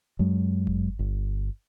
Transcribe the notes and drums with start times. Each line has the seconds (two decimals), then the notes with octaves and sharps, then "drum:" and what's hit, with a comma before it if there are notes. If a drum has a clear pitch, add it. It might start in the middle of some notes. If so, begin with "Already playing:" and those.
0.19 F#2 F#3 G#3
0.67 drum: kick G1
0.99 G1